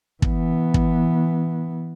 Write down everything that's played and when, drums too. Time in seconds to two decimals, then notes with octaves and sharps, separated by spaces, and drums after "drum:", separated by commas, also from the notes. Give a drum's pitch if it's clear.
0.22 E3 B3, drum: kick
0.74 drum: kick